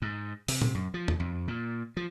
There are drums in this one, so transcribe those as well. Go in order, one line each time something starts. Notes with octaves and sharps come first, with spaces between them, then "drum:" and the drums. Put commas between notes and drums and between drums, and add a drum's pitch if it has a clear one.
G#2
C3, drum: open hi-hat
drum: tom A#2
F#2
F3
drum: tom E2
F2
A#2
F3